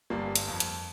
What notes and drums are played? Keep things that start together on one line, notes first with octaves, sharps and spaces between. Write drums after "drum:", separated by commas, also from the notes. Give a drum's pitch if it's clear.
G1 G3 A#3
drum: hi-hat
F2
drum: hi-hat